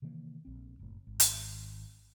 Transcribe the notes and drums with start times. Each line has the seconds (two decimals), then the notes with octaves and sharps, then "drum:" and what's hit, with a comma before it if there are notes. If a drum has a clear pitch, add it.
0.02 C3 D#3 E3 A#3
0.45 A#1 C4
0.79 F#1 A2
1.07 G#1
1.20 drum: hi-hat